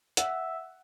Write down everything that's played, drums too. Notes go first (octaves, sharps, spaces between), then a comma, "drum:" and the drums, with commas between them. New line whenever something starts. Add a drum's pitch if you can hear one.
E5 F#5, drum: hi-hat